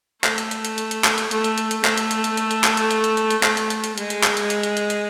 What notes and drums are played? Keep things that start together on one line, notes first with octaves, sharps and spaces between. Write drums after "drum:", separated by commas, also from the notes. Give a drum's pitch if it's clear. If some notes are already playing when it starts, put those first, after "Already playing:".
A3, drum: clap
drum: hi-hat
drum: hi-hat
drum: hi-hat
drum: hi-hat
drum: hi-hat
drum: clap
drum: hi-hat
A3, drum: hi-hat
drum: hi-hat
drum: hi-hat
drum: hi-hat
A3, drum: clap
drum: hi-hat
drum: hi-hat
drum: hi-hat
drum: hi-hat
drum: hi-hat
drum: clap
drum: hi-hat
drum: hi-hat
drum: hi-hat
drum: hi-hat
drum: hi-hat
A3, drum: clap
drum: hi-hat
drum: hi-hat
drum: hi-hat
G#3, drum: hi-hat
drum: hi-hat
drum: clap
drum: hi-hat
drum: hi-hat
drum: hi-hat
drum: hi-hat
drum: hi-hat